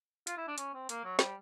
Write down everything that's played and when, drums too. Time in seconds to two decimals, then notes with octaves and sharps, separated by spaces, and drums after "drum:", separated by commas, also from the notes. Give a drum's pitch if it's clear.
0.27 F4, drum: hi-hat
0.37 E4
0.48 D4
0.58 C#4, drum: hi-hat
0.74 C4
0.89 A#3, drum: hi-hat
1.04 F#3
1.19 G3, drum: snare